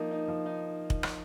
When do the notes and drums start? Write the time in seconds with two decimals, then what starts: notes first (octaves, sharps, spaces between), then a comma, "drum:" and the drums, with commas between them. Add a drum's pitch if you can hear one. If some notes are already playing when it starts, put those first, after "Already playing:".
Already playing: F3 A#3 D#4
0.11 D#4
0.28 F3
0.46 D#4
0.90 drum: kick
1.03 drum: rim click